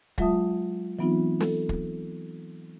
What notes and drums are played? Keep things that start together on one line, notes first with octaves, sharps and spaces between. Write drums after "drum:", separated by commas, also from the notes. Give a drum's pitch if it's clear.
F#3 G#3 F4 E5 A5 D#6, drum: kick
E3 F#3 B3 C4 D#4 F4
A4, drum: snare
drum: kick